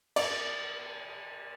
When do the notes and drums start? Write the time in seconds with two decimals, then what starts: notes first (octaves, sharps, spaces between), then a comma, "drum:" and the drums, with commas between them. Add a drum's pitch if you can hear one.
0.16 D5, drum: cymbal